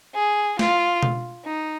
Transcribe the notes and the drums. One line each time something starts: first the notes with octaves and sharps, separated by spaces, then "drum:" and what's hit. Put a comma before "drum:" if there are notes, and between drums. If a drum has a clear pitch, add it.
G#4
F4, drum: snare
drum: tom B2
D#4